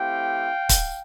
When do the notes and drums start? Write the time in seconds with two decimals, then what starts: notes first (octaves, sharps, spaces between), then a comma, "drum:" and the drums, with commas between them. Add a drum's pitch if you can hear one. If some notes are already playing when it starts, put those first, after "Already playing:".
Already playing: A3 C4 E4 G4 F5 G5
0.69 drum: kick, hi-hat